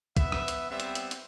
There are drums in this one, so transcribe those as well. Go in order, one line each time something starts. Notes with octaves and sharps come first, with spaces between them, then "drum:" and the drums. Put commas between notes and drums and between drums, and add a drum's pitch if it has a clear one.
B3 B4 E5, drum: kick, hi-hat
drum: rim click
drum: hi-hat
G3 B3 C4 E5
drum: hi-hat
drum: hi-hat
drum: hi-hat